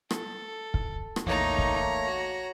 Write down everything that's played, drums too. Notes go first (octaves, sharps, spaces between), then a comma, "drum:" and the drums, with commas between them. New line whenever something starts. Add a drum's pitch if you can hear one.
A4, drum: rim click
drum: kick
drum: rim click
A#1 E2 A3 A#3 D#4 C#5 A#5
drum: kick
F#4